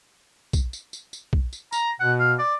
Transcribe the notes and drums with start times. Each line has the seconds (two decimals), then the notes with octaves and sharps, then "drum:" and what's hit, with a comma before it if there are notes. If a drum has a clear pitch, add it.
0.53 drum: kick B1, tambourine
0.73 drum: tambourine
0.93 drum: tambourine
1.13 drum: tambourine
1.33 drum: kick B1
1.53 drum: tambourine
1.73 A#5, drum: tambourine
2.00 B2 F#5
2.19 F5
2.39 D5